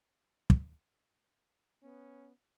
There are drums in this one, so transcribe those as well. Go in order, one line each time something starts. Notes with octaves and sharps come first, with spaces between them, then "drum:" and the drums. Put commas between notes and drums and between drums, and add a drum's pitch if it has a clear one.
drum: kick
B3 C#4